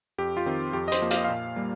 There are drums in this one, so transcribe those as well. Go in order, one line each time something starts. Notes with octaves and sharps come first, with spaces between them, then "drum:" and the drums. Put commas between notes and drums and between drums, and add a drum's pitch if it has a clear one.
F2 G4
F4
D#3 C4
F2 G4
D#5
C5, drum: hi-hat
F3 A#3
F5, drum: hi-hat
D#5
A#2 F5
G3 A#3